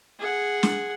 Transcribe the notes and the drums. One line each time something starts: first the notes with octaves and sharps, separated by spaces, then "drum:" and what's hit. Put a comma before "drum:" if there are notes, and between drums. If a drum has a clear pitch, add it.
G#4 F#5
drum: snare